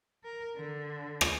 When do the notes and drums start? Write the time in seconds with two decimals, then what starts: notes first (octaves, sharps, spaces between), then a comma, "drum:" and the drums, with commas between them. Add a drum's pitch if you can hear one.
0.24 A#4
0.57 D3
1.21 drum: rim click